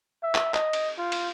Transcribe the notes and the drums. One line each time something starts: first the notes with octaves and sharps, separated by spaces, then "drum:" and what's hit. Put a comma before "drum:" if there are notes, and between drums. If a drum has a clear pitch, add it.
E5
drum: clap
D#5, drum: clap
drum: cymbal
F4
drum: cymbal